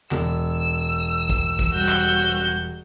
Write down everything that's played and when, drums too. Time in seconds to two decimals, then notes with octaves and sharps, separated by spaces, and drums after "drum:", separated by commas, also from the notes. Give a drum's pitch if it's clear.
0.11 E1 E6, drum: clap
1.29 drum: kick
1.59 drum: kick
1.74 G3 F#4 G6
1.89 drum: clap